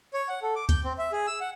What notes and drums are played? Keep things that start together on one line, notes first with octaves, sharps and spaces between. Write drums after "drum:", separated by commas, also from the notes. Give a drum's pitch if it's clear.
C#5
F#5
A4
D6
G6, drum: kick D2, hi-hat
C4
E5
G#4
E6
F#5